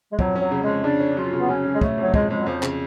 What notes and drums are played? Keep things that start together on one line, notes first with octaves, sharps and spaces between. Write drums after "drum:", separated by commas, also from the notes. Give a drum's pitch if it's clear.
G#3
F2 F#3, drum: kick
F#3 C#4
C#3
F2 G#3
C#3 D4
C#4
F#3 F4
C#3
B3
F#3 C#4
F#3
G#3
A3 C#4, drum: kick
F2 F#3
F2 G#3, drum: kick
F2 G#3
F#3
F2 F3
C#3, drum: clap